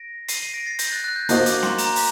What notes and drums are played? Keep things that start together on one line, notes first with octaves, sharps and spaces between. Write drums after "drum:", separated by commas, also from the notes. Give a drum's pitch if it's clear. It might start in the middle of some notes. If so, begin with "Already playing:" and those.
Already playing: A#6 D7
C7 D#7, drum: hi-hat
C7 D#7
A#6 D7
A6 C7
G6 A#6, drum: hi-hat
F#6 A6
F#6 A6
G6
A#3 F#4 C5 D#5 F#6, drum: hi-hat
D6, drum: hi-hat
C6, drum: snare
A#5, drum: hi-hat
drum: open hi-hat